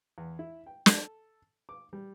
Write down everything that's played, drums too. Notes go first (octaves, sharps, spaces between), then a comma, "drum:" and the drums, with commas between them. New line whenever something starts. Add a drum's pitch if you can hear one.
E2
E4
G5
A4, drum: snare
D6
G3